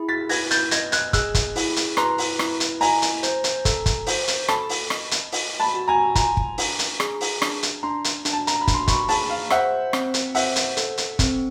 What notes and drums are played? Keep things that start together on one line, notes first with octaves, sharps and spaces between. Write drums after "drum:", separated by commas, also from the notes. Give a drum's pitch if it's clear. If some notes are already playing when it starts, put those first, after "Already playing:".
Already playing: E4 G#4
A6 B6
B4 G#6 A#6, drum: open hi-hat
G6 A6, drum: hi-hat
D#5 G#6 A#6, drum: hi-hat
F#6 G#6, drum: hi-hat
G#4 E6 F#6, drum: kick, hi-hat
drum: kick, hi-hat
E4, drum: open hi-hat
drum: hi-hat
B4 A#5 C6, drum: rim click
drum: open hi-hat
E4, drum: rim click
drum: hi-hat
D#5 G#5 A#5, drum: open hi-hat
drum: hi-hat
C5, drum: hi-hat
drum: hi-hat
A4, drum: kick, hi-hat
drum: kick, hi-hat
C5, drum: open hi-hat
drum: hi-hat
A4 A5 B5, drum: rim click
drum: open hi-hat
D#5, drum: rim click
drum: hi-hat
D#5, drum: open hi-hat
A5 B5
F#4
G#5 A#5
F4 G#5 A#5, drum: kick, hi-hat
drum: kick
D4, drum: open hi-hat
drum: hi-hat
G#4, drum: rim click
drum: open hi-hat
D4, drum: rim click
drum: hi-hat
D4 A#5 C6
drum: hi-hat
D4, drum: hi-hat
A5
A#5, drum: hi-hat
B5
D4, drum: kick, hi-hat
C6
B5 C#6, drum: kick, hi-hat
G#4 A5 B5, drum: open hi-hat
F5
C5 E5 F#5, drum: rim click
C4, drum: rim click
drum: hi-hat
C5 E5 F#5, drum: open hi-hat
drum: hi-hat
A4, drum: hi-hat
drum: hi-hat
C4, drum: kick, hi-hat